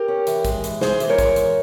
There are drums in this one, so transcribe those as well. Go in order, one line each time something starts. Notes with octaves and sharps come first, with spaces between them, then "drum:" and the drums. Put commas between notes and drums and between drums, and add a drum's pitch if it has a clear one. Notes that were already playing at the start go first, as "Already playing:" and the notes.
Already playing: G4 A#4
C#4
E3, drum: hi-hat
G#3, drum: kick A#1, hi-hat
E3, drum: hi-hat
E3 G#4 C5, drum: snare
E3, drum: hi-hat
A#4 C#5
G#3, drum: kick A#1, hi-hat
G#3, drum: hi-hat